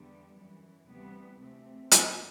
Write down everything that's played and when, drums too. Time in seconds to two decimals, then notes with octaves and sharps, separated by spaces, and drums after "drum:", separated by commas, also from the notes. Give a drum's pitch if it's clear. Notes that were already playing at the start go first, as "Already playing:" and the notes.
Already playing: E2 D3 G3 B3
0.36 F#2 E3
0.88 D2 C3 E3 G3 B3
1.39 D2 C3 E3 A3 C4
1.91 F#2 D3, drum: hi-hat